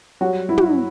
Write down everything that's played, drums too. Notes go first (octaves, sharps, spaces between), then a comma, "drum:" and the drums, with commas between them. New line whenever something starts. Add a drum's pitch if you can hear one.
F#3 G3 F#4
G2 E4
drum: tom